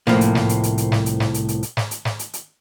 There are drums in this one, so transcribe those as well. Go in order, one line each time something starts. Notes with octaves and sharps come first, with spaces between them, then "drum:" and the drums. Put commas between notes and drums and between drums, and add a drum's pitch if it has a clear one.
C2 A2 F3 A#3, drum: snare
drum: hi-hat
drum: snare
drum: hi-hat
drum: hi-hat
drum: hi-hat
drum: snare
drum: hi-hat
drum: snare
drum: hi-hat
drum: hi-hat
drum: hi-hat
drum: snare
drum: hi-hat
drum: snare
drum: hi-hat
drum: hi-hat